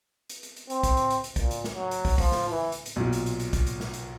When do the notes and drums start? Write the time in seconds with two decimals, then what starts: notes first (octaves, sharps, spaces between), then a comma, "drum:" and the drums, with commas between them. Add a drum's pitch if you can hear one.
0.30 drum: hi-hat
0.43 drum: hi-hat
0.56 drum: hi-hat
0.70 C4, drum: hi-hat
0.83 drum: kick, hi-hat
0.97 drum: hi-hat
1.10 drum: hi-hat
1.24 drum: hi-hat
1.36 A#2, drum: kick, hi-hat
1.51 drum: hi-hat
1.64 drum: snare
1.74 F#3
1.91 drum: hi-hat
2.05 drum: kick, open hi-hat
2.18 F3, drum: kick, open hi-hat
2.32 drum: snare
2.50 E3
2.72 drum: hi-hat
2.86 drum: hi-hat
2.96 B1 A#2
3.13 drum: hi-hat
3.26 drum: hi-hat
3.40 drum: hi-hat
3.53 drum: kick, hi-hat
3.67 drum: hi-hat
3.80 drum: snare
3.94 drum: hi-hat